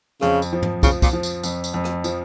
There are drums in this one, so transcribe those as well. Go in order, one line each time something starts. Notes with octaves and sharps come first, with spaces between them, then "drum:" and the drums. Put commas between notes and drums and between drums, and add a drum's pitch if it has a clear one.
F2 C#3, drum: rim click
drum: tambourine
F3
drum: tom
C#3 F3, drum: kick, tambourine
A#2, drum: kick, tambourine
F3
drum: tambourine
F2, drum: tambourine
drum: tambourine
F2
drum: rim click
F3, drum: tambourine